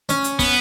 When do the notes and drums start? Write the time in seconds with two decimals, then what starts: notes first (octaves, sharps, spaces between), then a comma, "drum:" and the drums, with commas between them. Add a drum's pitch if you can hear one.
0.09 C#4, drum: hi-hat
0.24 drum: hi-hat
0.39 B3, drum: kick, open hi-hat